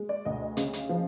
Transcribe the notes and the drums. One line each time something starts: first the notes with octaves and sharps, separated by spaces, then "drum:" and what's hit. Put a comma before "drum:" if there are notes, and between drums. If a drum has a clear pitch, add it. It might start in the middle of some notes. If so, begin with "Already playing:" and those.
Already playing: G#3
D5
D2 D#5
D#5
C#3, drum: hi-hat
drum: hi-hat
F3